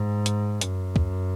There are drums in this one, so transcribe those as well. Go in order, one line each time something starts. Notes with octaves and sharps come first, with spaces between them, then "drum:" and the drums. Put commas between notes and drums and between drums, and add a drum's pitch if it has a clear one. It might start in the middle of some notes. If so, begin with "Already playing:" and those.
Already playing: G#2
drum: hi-hat
F#2, drum: hi-hat
drum: kick